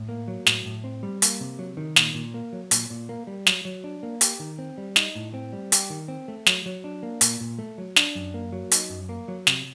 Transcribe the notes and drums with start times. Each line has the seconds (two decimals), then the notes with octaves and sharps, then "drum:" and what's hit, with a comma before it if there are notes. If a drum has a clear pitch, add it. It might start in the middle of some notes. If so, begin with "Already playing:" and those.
Already playing: A2
0.09 A#3
0.28 F#3
0.46 A2, drum: snare
0.66 A2
0.84 C4
1.03 G3
1.22 A#3, drum: hi-hat
1.41 C3
1.59 F#3
1.77 D#3
1.96 A#2, drum: snare
2.15 A#2
2.34 A#3
2.53 F#3
2.71 A#2, drum: hi-hat
2.90 A#2
3.09 A#3
3.27 G3
3.47 F#3, drum: snare
3.65 F#3
3.84 D4
4.03 A#3
4.21 G4, drum: hi-hat
4.40 D#3
4.59 C4
4.78 G3
4.96 D#4, drum: snare
5.15 A2
5.34 C4
5.53 G3
5.72 G4, drum: hi-hat
5.90 D#3
6.08 C4
6.28 A3
6.46 F#3, drum: snare
6.66 F#3
6.84 D4
7.03 A#3
7.21 A#2, drum: hi-hat
7.41 A#2
7.59 A3
7.78 F#3
7.96 D4, drum: snare
8.15 F#2
8.34 A#3
8.53 F#3
8.72 D#4, drum: hi-hat
8.90 F#2
9.09 A#3
9.28 F#3
9.47 C3, drum: snare